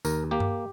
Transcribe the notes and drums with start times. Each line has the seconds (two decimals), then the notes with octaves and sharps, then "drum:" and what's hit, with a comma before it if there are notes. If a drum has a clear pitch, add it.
0.05 D#2 A#4, drum: tambourine
0.31 A#3 G4
0.40 drum: tom G2